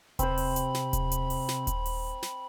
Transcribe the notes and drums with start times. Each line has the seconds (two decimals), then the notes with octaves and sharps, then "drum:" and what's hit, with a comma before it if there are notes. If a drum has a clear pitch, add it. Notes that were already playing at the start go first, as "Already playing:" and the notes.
0.19 C3 C4 C5 B5, drum: kick D#1, hi-hat
0.37 drum: open hi-hat
0.56 drum: hi-hat
0.75 drum: snare
0.93 drum: kick D#1, hi-hat
1.12 drum: hi-hat
1.30 drum: open hi-hat
1.49 drum: snare
1.67 drum: kick D#1, hi-hat
1.86 drum: open hi-hat
2.23 drum: snare